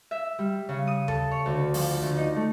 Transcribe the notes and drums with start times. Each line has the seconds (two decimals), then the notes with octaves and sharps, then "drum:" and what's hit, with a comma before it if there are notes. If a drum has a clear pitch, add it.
0.11 E5
0.39 G3
0.69 C#3
0.87 D#6
1.08 A4, drum: tom D#2
1.31 C#5
1.46 D2
1.74 F3, drum: open hi-hat
2.02 D2
2.17 D#4
2.36 A3